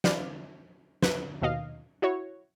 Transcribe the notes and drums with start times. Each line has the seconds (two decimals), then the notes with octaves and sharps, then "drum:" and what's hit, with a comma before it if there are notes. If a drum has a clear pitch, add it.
0.04 E3 B4 D5 F5, drum: snare
1.03 B4, drum: snare
1.42 D#2 B2 D#5 F5
2.02 E4 F#4 C#5